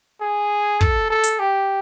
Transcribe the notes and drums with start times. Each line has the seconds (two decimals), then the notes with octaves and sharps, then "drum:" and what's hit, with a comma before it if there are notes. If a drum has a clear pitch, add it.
0.21 G#4
0.81 A4, drum: kick
1.10 A4
1.24 drum: hi-hat
1.39 G4